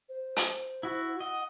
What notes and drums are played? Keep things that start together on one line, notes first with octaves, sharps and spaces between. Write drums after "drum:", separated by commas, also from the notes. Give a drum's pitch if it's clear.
C5
drum: hi-hat
E4 F#4
D#5 F#5